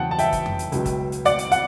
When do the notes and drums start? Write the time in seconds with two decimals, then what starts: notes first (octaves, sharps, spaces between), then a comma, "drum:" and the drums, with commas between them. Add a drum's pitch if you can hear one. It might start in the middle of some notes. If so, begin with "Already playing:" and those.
Already playing: E2 C#3 F#3 F#5 G5 A5
0.11 A5
0.19 E5 G5, drum: hi-hat
0.32 drum: kick G1, hi-hat
0.46 drum: tom F2
0.59 drum: hi-hat
0.72 C#2 B2 F#3, drum: hi-hat
0.86 drum: kick G1, hi-hat
1.12 drum: hi-hat
1.25 D5 F#5, drum: hi-hat
1.39 drum: hi-hat
1.52 F#5, drum: hi-hat